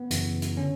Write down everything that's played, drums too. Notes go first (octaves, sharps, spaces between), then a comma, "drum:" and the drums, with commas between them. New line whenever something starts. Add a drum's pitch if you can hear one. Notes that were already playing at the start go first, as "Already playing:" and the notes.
Already playing: B3
F#2 C#3 E3, drum: hi-hat
drum: hi-hat
D3 C#4